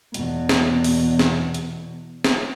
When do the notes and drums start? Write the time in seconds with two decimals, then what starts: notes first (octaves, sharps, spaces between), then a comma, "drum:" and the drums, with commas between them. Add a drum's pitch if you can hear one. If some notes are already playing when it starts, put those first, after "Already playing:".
0.14 E2 B2, drum: hi-hat
0.49 drum: snare
0.84 drum: open hi-hat
1.19 drum: snare
1.54 drum: hi-hat
2.24 drum: snare